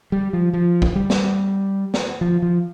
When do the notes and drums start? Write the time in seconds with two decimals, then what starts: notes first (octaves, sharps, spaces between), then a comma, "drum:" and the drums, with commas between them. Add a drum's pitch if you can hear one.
0.12 G3
0.33 F3
0.54 F3
0.82 drum: kick A#1
0.96 G3
1.10 drum: snare
1.94 drum: snare
2.21 F3
2.42 F3